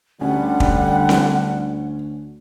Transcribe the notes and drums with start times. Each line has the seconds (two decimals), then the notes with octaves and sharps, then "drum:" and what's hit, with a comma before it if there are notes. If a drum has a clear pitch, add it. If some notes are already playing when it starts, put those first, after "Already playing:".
0.21 D2 D3 G3 C#4 F#5
0.60 drum: kick
1.09 drum: snare C4